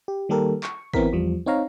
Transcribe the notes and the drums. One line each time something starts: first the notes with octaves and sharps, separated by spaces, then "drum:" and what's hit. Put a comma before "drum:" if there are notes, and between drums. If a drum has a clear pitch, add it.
G4
D#3 G3 A#3 G4 A4 A#4
C#6, drum: clap
E3 B3 C4 E4 A#4 B6, drum: kick
E2 F3 G3
C4 D#4 C#5 F5 A#5